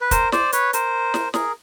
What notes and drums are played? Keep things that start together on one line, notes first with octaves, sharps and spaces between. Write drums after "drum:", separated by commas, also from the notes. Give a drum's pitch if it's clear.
B4
A#4 C5, drum: kick, hi-hat
C5 D5, drum: snare
B4 C#5, drum: hi-hat
A#4 C5, drum: hi-hat
drum: snare
G#4 A#4, drum: snare